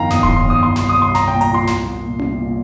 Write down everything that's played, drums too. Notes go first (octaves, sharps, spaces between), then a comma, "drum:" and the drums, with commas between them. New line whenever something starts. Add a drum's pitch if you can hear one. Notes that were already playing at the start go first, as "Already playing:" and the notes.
Already playing: G1 F2 D#3 F5 G5 A#5
G1 D#6, drum: snare
C6, drum: kick D#1
D#3
G1 D#6
C2 C6
C6, drum: snare
C2
D#6
C2 C6
C2 A#5, drum: snare
G5
A#2
A#5, drum: hi-hat
F3 C6
C2, drum: snare
C2
A#2
C2, drum: tom C#4
A#2